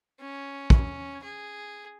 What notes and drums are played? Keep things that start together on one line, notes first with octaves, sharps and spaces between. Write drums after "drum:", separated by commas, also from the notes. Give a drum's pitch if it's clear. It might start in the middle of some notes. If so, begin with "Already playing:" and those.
C#4
drum: kick
G#4